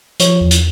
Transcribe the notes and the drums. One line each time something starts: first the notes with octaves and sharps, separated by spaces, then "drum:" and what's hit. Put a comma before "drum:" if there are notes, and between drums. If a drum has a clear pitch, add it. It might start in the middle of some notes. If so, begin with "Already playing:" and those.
F3 C#5, drum: hi-hat
E2
drum: hi-hat